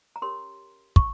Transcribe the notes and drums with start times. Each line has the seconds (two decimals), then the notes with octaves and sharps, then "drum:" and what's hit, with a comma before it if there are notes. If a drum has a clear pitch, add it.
0.16 A#5
0.22 C#4 G4 A#4 C#5 C6
0.96 C#6, drum: kick